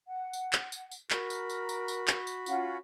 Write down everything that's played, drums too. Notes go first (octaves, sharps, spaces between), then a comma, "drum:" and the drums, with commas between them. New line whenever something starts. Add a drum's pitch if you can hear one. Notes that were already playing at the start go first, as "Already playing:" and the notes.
F#5
drum: tambourine
drum: clap
drum: tambourine
drum: tambourine
F#4 A#4 B5, drum: clap
drum: tambourine
drum: tambourine
drum: tambourine
drum: tambourine
drum: clap
drum: tambourine
C#4 F4 F#5, drum: tambourine